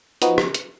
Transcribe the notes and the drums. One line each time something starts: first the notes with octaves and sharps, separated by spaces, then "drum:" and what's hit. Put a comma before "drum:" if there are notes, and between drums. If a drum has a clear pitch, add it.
F3 B3 D#4 F#4, drum: hi-hat
drum: rim click
drum: hi-hat